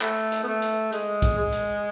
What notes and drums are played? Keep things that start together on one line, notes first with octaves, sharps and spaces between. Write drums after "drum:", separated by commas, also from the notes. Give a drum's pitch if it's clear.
A3, drum: clap
drum: hi-hat
B3
A3
drum: hi-hat
G#3, drum: hi-hat
drum: kick, hi-hat
G#3
drum: hi-hat